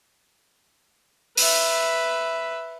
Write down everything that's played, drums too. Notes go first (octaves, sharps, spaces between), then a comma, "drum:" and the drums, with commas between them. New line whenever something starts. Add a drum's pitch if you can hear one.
B4 E5, drum: open hi-hat